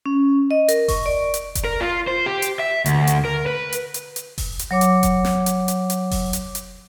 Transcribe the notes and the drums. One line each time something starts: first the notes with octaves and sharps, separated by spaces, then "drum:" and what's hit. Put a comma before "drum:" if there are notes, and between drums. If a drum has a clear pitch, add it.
C#4
D#5
A#4, drum: hi-hat
C#6, drum: kick F1, open hi-hat
D5
drum: hi-hat
drum: kick F1, hi-hat
A#4
F4
C5
G4
drum: hi-hat
E5
D2, drum: hi-hat
drum: hi-hat
A#4
B4
drum: hi-hat
drum: hi-hat
drum: hi-hat
drum: kick F1, open hi-hat
drum: hi-hat
F#3 C#5 D6
drum: hi-hat
drum: kick F1, hi-hat
drum: snare
drum: hi-hat
drum: hi-hat
drum: hi-hat
drum: kick F1, open hi-hat
drum: hi-hat
drum: hi-hat